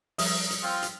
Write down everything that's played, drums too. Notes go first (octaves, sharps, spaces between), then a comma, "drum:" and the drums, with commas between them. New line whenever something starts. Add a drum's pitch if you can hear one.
F3 G3 D#6, drum: open hi-hat
drum: hi-hat
C4 F4
drum: hi-hat